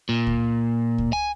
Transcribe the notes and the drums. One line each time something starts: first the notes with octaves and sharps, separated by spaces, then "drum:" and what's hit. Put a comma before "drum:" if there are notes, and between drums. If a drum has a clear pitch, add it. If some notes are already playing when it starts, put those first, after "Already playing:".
A#2
drum: kick C#2
drum: kick C#2
G#5